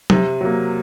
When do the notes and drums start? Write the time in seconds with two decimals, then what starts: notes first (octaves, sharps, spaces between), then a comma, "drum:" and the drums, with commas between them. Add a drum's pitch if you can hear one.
0.10 C3, drum: tom F#3
0.41 F#3 A#3